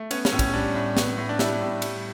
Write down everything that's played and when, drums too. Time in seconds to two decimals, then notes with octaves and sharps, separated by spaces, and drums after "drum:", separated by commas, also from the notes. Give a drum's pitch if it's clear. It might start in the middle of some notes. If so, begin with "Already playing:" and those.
Already playing: A3
0.11 B3 C#4, drum: cymbal
0.25 C#4, drum: snare
0.32 A2
0.39 C#4, drum: kick, cymbal
0.53 G3 D4
0.75 A2
0.97 B3, drum: snare
1.18 A2
1.29 D4
1.39 G3 E4, drum: snare
1.61 A2
1.82 G3, drum: cymbal